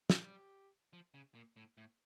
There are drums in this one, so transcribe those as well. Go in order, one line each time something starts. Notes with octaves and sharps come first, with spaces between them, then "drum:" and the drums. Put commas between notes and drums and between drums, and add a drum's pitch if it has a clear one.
G3 G4, drum: snare
F3
C#3
A#2
A2
A2